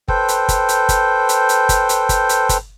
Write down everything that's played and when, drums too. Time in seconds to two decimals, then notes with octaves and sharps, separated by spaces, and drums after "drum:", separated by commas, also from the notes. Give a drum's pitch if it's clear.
0.08 A4 B4 C5 G5, drum: kick
0.28 drum: hi-hat
0.49 drum: kick, hi-hat
0.69 drum: hi-hat
0.89 drum: kick, hi-hat
1.29 drum: hi-hat
1.49 drum: hi-hat
1.69 drum: kick, hi-hat
1.89 drum: hi-hat
2.09 drum: kick, hi-hat
2.29 drum: hi-hat
2.49 drum: kick, hi-hat